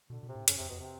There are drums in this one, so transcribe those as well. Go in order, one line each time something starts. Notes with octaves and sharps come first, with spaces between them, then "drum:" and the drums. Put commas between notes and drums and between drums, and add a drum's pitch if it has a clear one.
B2 D3
B2
C3
A2
F#2 C#3, drum: hi-hat
F2 C3
F2 B2
C3